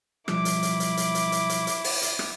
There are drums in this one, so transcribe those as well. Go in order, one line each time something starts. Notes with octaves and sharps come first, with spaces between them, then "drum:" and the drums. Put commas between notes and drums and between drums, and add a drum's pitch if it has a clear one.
B1 F3 G3 E4 D6, drum: rim click
drum: hi-hat
drum: hi-hat
drum: hi-hat
drum: hi-hat
drum: hi-hat
drum: hi-hat
drum: hi-hat
drum: hi-hat
drum: open hi-hat
drum: hi-hat
drum: rim click